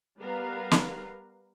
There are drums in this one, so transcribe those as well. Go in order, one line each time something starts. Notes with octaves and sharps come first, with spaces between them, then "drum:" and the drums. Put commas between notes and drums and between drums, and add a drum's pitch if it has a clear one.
G3 B3 A#4 B4 F5
drum: snare